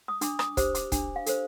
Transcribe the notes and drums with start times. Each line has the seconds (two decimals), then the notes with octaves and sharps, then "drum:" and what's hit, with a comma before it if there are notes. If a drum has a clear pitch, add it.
0.08 D#6
0.21 D4 D6, drum: hi-hat
0.39 D#6, drum: rim click
0.57 G4 C5 D6, drum: kick, hi-hat
0.75 D6, drum: hi-hat
0.92 D4, drum: kick, hi-hat
1.16 F5
1.26 A4 C5, drum: hi-hat